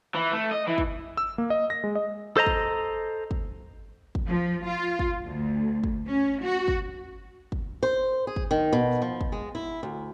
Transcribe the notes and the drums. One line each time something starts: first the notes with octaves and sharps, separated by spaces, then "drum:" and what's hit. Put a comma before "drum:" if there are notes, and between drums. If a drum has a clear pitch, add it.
E3
A3
D#5
E3
drum: kick
E6
A#3
D#5
A#6
G#3
D#5
A4 C5 D#5 A#5
drum: kick
drum: kick
drum: kick
F3
F4
drum: kick
D2
drum: kick
C#4
F#4
drum: kick
drum: kick
C5
G#4
drum: kick
D#3
B2
F3
drum: kick
G#3
E4
D2